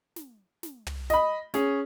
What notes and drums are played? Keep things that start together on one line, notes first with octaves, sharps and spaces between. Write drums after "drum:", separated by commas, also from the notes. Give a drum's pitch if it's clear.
drum: snare
drum: snare
drum: tom
D#5 B5, drum: snare
C#4 G#4, drum: snare